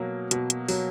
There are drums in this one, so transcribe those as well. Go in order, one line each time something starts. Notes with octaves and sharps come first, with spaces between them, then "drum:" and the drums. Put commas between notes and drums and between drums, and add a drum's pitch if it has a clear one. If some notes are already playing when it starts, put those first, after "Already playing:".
Already playing: B2 F#3 A#3
B2, drum: hi-hat
drum: hi-hat
F#3, drum: open hi-hat